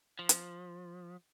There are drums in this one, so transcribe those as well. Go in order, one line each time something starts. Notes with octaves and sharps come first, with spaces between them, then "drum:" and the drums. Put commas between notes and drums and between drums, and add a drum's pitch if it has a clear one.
F3
drum: hi-hat